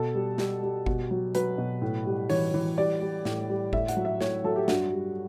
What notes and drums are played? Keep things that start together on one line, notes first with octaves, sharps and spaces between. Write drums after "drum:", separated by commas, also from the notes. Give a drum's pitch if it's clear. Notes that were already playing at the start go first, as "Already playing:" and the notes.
Already playing: B2 A4
G3
G3, drum: snare
G3
B2, drum: kick G1
F#3
F#3 B4, drum: hi-hat
B2
A2
G3
E3 C#5, drum: open hi-hat
E3
G3 D5
G3
A2, drum: snare
G3
A2 E5, drum: kick G1
F#5, drum: hi-hat
F#3
E5
A2 C#5, drum: snare
F#3 A4
G4
G2 F#4, drum: snare
G3